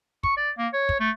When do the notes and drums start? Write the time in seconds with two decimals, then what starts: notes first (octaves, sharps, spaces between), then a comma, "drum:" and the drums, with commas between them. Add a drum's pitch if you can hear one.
0.23 C#6, drum: kick
0.37 D5
0.58 A#3
0.73 C#5
0.89 drum: kick
1.00 A3